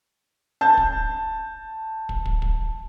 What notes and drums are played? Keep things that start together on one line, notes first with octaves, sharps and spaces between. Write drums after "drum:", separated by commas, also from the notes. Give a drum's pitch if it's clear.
A5 G6
drum: kick
drum: kick
drum: kick
drum: kick